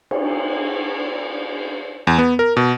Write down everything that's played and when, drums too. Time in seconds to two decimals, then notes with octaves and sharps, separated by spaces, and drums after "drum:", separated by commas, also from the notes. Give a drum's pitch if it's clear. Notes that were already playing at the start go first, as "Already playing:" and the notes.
0.11 drum: cymbal
2.07 E2
2.18 B3
2.39 A#4
2.57 B2